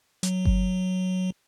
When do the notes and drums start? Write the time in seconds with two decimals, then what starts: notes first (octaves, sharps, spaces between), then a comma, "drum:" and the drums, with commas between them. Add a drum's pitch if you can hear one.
0.23 F#3, drum: hi-hat
0.45 drum: kick G1